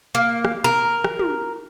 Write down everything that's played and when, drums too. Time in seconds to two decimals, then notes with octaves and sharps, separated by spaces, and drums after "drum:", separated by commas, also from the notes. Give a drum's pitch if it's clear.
0.15 A#3
0.45 drum: rim click
0.64 A#4
1.04 drum: rim click
1.19 drum: tom